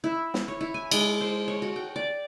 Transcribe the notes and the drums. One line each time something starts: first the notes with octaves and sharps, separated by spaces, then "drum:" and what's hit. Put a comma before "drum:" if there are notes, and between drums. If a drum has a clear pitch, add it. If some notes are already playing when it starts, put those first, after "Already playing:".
E4
drum: snare
C#5
E4
G#5
G#3, drum: cymbal
C5
C#5
F#4
G5
D5